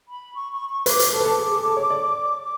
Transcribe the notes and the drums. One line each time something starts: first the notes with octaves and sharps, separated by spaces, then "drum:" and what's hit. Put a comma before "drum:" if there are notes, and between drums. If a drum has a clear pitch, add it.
B5
C#6
C#6
C#6
B4 D6, drum: hi-hat
B4, drum: hi-hat
A4 D6
B4
A4
G#4
G#4
A4
C#5
D5
D6